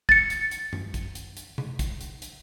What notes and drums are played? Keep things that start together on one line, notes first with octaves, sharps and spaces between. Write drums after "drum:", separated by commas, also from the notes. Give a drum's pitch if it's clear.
A6 C#7, drum: kick
drum: hi-hat
drum: hi-hat
drum: tom F#2
drum: kick, hi-hat
drum: hi-hat
drum: hi-hat
drum: tom C3
drum: kick, hi-hat
drum: hi-hat
drum: hi-hat